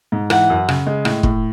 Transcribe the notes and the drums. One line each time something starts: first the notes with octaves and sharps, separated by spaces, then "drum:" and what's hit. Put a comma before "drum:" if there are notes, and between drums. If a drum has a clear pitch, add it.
G#2
E3 F#5, drum: rim click
F#2
C#3, drum: rim click
G#3
A2, drum: rim click
A2, drum: kick